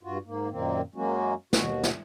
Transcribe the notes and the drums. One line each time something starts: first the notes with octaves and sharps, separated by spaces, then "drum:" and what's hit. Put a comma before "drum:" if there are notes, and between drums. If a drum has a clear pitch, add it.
G2 F4 F#4
G#2 A#3
F#2 A#2 D#3 A#3 C4
F#2 F#3 G#3 A#3 C#4 F#4
D#2 B2 F#4, drum: snare
drum: snare